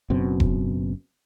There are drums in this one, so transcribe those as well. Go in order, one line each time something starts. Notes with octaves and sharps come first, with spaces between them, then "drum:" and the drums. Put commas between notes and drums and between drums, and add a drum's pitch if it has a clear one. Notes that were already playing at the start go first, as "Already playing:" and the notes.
F#1 F#2 B2 C4
drum: kick E1